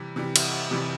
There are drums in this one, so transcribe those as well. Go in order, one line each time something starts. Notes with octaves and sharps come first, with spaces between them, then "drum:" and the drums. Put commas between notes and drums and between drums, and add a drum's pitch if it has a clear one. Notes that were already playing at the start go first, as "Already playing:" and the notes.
Already playing: C3 E3 G3
C3 E3 G3
drum: cymbal
C3 E3 G3